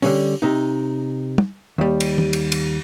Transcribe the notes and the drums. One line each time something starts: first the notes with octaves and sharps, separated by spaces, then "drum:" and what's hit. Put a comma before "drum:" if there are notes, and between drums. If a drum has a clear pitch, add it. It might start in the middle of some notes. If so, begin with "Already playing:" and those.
D3 G3 C#4, drum: open hi-hat
C3 D#4
drum: tom
D#2 G3
drum: cymbal
drum: tom
drum: cymbal
drum: cymbal